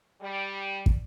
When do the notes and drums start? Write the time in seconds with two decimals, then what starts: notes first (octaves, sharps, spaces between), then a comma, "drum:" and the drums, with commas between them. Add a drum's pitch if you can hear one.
0.21 G3
0.86 drum: kick